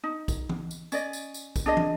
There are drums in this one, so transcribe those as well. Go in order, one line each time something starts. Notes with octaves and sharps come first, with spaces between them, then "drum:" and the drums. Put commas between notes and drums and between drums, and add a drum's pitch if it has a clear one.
D#4
drum: kick A#1, tambourine
drum: tom E3
drum: tambourine
C#4 D5 D#5, drum: tambourine
drum: tambourine
drum: tambourine
drum: kick A#1, tambourine
D4 G#4 D#5
drum: tom